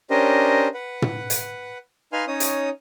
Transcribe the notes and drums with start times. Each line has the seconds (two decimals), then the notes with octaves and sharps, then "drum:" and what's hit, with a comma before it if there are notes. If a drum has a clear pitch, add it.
0.10 C#4 D4 G4 A#4 C5 D#5
0.74 B4 F#5
1.02 drum: tom
1.30 drum: hi-hat
2.13 D#4 B4 F5 G#5 C6 F6
2.28 C#4 D#4 C#5 D#6
2.40 drum: hi-hat